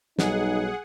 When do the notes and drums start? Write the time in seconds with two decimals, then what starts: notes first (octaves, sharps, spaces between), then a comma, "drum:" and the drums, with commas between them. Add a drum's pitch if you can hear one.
0.19 B1 G3 D#4 G#4 F#5, drum: snare